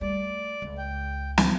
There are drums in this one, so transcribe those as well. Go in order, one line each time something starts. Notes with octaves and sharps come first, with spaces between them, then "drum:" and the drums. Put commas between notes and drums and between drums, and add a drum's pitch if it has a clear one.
G3 A3 D5
C#2
G5
drum: snare